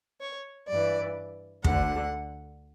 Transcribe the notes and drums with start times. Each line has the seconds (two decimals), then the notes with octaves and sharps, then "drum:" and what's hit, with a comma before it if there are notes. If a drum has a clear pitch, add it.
0.21 C#5
0.69 G2 E3 D5
1.64 D2 D3 F#5, drum: kick